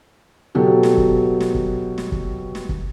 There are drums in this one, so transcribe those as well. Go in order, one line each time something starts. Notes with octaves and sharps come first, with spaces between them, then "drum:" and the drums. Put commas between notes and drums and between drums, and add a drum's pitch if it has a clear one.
B2 F#3 B3 G4 A4
drum: snare
drum: kick
drum: snare
drum: kick
drum: snare
drum: kick
drum: snare
drum: kick